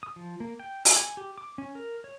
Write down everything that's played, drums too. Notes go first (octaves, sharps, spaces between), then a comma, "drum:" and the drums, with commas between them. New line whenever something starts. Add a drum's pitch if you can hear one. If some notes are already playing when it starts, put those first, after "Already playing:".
D#6
F3
A#3
G5
E5, drum: open hi-hat
G#5
G4
D6
C#4
A#4
C#5